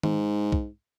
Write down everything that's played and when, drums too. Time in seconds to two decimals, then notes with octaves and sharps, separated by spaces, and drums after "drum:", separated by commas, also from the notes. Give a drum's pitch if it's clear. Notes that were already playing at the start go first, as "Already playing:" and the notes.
0.03 G#2, drum: tom D#3
0.52 drum: kick